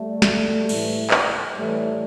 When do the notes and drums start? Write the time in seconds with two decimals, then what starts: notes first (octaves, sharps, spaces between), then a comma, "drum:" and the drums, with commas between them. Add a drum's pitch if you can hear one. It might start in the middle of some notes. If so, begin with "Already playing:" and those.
Already playing: G3 A3
0.22 drum: snare
0.69 A2 E3, drum: cymbal
1.10 drum: clap
1.57 A2 E3 G3 A3